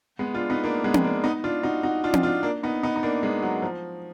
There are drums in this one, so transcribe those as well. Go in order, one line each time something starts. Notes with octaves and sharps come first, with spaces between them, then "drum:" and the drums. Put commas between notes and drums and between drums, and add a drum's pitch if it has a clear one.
G#3 B3
D4 F4
B3 D#4
A#3 D4
G#3 B3
drum: tom C4
A#3 D4
B3 D#4
D4 F4
D#4 F#4
D#4 F#4
D4 F4
drum: tom C4
D4 F4
A#3 D4
B3 D#4
B3 D#4
D#4
A#3 D4
G#3 B3
F#3
F3